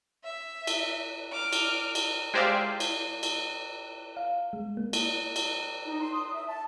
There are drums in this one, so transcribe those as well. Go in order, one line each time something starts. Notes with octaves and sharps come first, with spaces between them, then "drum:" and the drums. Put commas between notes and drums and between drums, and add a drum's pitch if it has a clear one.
E5
drum: cymbal
D6 F6
drum: cymbal
drum: cymbal
G#3 G4 C5 D5 E5 F5
drum: cymbal
drum: cymbal
F5
G#3
A#3
drum: cymbal
drum: cymbal
D#4
C6
D#6
E5
A5